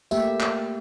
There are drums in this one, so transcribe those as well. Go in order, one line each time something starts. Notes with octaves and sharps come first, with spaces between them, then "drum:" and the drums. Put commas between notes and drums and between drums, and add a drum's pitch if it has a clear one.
A3 A#3 G4 E5, drum: tambourine
drum: clap